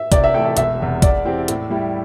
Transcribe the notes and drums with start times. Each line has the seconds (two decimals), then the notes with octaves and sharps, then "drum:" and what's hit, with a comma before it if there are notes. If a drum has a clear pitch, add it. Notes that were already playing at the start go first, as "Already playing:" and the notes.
Already playing: E5
0.12 C3 D5, drum: kick, hi-hat
0.24 E5
0.34 E3 A3 E4 A4 G5
0.45 E5
0.57 E1 E5, drum: hi-hat
0.80 E2 C3
1.02 E2 D5, drum: kick, hi-hat
1.25 E3 C4 G4
1.48 A2, drum: hi-hat
1.70 G3 E4 G4